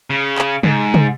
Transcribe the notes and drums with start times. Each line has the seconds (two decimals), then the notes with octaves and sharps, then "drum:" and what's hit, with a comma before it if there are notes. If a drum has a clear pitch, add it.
0.10 C#3
0.38 drum: clap
0.63 G#2, drum: tom
0.94 drum: tom